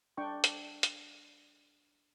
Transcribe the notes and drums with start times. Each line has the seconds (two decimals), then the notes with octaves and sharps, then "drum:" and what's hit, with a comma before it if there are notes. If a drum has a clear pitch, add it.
0.17 D4 G5 C#6
0.44 drum: hi-hat
0.83 drum: hi-hat